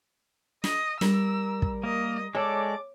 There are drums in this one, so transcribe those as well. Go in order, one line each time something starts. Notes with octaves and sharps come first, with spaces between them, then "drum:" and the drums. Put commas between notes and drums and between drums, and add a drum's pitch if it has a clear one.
D#5, drum: snare
G3 A#4 E6, drum: snare
drum: kick
A#3 D#5
G#3 A4 C#5 D5 D6